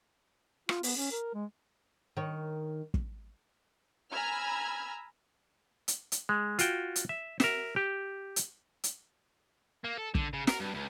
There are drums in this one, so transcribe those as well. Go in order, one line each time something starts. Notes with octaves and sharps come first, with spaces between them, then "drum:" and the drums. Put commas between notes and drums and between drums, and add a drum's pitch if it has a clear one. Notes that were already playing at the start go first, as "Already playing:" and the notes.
F4, drum: rim click
B3, drum: open hi-hat
C#4
A#4
G#3
D#3 C#5
drum: kick
G#5 A#5 B5 E6 F6 G#6
drum: hi-hat
drum: hi-hat
G#3
F4 F#4 G5, drum: hi-hat
drum: hi-hat
E5
A#4 E5, drum: snare
G4
drum: hi-hat
drum: hi-hat
A#3
A4
D3, drum: kick
C#3
A#4, drum: snare
G2
C#2